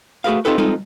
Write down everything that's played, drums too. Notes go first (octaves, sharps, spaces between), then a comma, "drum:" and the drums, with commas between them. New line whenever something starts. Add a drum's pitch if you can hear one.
A3 F#4 G#4 B4 F5
C4 D#4 F4 G4 A4 B4
G#3 C4 D#4 F4 A4, drum: tom G3